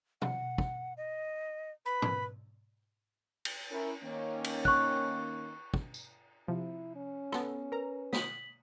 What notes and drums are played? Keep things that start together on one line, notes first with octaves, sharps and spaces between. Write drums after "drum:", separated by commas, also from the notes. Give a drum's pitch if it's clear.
F#5, drum: tom
drum: kick
D#5
B4 B5
drum: tom
drum: cymbal
C#4 E4 A#4
D#3 A#3 C#4
drum: cymbal
C#6 F#6, drum: kick
drum: kick
drum: tambourine
C3 F3 E4
C#4
B3 A4, drum: rim click
A#4 B4 A#5
D#6 B6 F#7, drum: snare